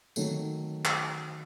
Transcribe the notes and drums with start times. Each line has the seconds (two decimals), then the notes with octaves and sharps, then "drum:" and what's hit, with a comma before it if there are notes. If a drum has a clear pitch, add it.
0.16 D#3 F#3 A3, drum: tambourine
0.85 drum: clap